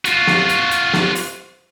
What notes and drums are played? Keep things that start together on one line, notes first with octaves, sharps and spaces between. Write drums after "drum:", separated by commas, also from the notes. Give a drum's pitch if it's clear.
F4 F#4, drum: hi-hat
drum: snare
drum: hi-hat
drum: hi-hat
drum: snare
drum: open hi-hat